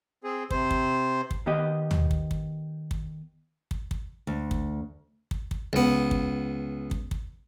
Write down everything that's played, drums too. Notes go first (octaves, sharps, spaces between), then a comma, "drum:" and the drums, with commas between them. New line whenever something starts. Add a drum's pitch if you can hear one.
C4 G#4
C3 C5, drum: kick
drum: kick
drum: kick
D#3 B3 G4 D#5
drum: tom
drum: kick
drum: kick
drum: kick
drum: kick
drum: kick
D2
drum: kick
drum: kick
drum: kick
C#2 B3
drum: kick
drum: kick
drum: kick